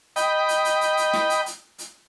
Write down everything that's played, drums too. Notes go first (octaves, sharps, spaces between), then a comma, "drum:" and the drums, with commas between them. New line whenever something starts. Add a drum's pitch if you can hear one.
D#5 G5 B5, drum: hi-hat
drum: hi-hat
drum: hi-hat
drum: hi-hat
drum: hi-hat
drum: snare
drum: hi-hat
drum: hi-hat
drum: hi-hat